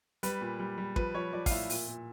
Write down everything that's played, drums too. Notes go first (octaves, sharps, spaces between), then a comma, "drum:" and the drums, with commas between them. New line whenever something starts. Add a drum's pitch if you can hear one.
G3 B4, drum: hi-hat
A#2
G3
G3
F3 B4, drum: kick
F3 C#5
F3 D5
F5, drum: kick, open hi-hat
A2 E5
A#2, drum: open hi-hat
A#2